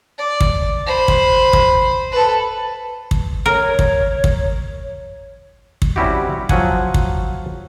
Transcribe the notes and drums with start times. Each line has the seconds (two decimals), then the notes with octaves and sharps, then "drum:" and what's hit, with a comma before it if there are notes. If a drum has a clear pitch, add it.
0.18 D5
0.40 drum: kick
0.86 C5 B5
1.08 drum: kick
1.53 drum: kick
2.12 A4 B4
3.11 drum: kick
3.46 A#4 C#5
3.79 drum: kick
4.24 drum: kick
5.82 drum: kick
5.96 G3 C4 C#4 E4 F#4 G4
6.49 F3 F#3 F#5 G#5, drum: kick
6.94 drum: kick